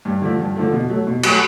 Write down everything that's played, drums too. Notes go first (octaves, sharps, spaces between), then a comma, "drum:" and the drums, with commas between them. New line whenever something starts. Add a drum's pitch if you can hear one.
G2
D3 F3 A3
G2
D3 F3 A3
B2
F#3 A3
B2
F#3 A3, drum: cymbal